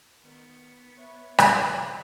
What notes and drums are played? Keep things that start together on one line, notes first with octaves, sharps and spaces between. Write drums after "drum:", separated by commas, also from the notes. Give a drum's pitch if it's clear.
D#3 B3
B4 C#5 E5
C#3 C5, drum: rim click